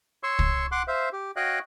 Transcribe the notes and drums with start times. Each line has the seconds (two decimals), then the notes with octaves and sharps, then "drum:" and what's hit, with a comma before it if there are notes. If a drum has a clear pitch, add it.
0.23 C#5 C6 C#6 E6
0.39 drum: kick
0.72 F#5 C6 D6 F#6
0.88 C5 E5 F5
1.13 G4
1.36 F#4 C#5 D#5 F5 G5 F#6